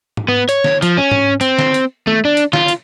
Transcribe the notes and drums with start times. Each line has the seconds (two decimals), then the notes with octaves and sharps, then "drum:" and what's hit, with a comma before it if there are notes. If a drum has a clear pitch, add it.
0.17 drum: tom G#2
0.28 B3
0.49 C#5, drum: hi-hat
0.64 drum: snare
0.82 F3, drum: hi-hat
0.98 C#4
1.11 drum: tom G#2
1.41 C4, drum: hi-hat
1.59 drum: snare
1.74 drum: hi-hat
2.07 A3, drum: tom
2.25 D4
2.37 drum: hi-hat
2.53 F4, drum: snare
2.68 drum: hi-hat